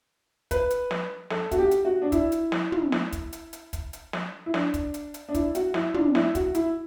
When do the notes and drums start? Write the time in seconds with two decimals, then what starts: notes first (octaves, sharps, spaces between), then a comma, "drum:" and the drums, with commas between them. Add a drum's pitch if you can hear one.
0.51 B4, drum: kick, hi-hat
0.70 drum: hi-hat
0.91 drum: snare
1.30 A4, drum: snare
1.51 F#4, drum: kick, hi-hat
1.58 G4
1.71 drum: hi-hat
1.85 F#4
2.02 D4
2.12 E4, drum: kick, hi-hat
2.32 drum: hi-hat
2.52 drum: snare
2.72 drum: tom
2.92 drum: snare
3.12 drum: kick, hi-hat
3.33 drum: hi-hat
3.53 drum: hi-hat
3.73 drum: kick, hi-hat
3.93 drum: hi-hat
4.13 drum: snare
4.46 E4
4.54 D4, drum: snare
4.74 drum: kick, hi-hat
4.94 drum: hi-hat
5.14 drum: hi-hat
5.29 D4
5.34 E4, drum: kick, hi-hat
5.55 F#4, drum: hi-hat
5.74 E4, drum: snare
5.94 D4, drum: tom
6.15 E4, drum: snare
6.35 F#4, drum: kick, hi-hat
6.55 E4, drum: hi-hat